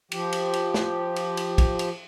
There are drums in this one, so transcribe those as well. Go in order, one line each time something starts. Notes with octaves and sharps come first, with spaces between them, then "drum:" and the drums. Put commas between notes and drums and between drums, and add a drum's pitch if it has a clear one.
F3 G4, drum: cymbal
drum: cymbal
drum: cymbal
drum: snare
drum: cymbal
drum: cymbal
drum: kick, cymbal
drum: cymbal